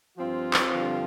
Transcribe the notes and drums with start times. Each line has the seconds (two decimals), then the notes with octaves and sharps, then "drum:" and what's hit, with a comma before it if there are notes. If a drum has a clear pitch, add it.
0.18 G2 F3 C4 F4
0.54 drum: clap
0.72 G2 D3 F3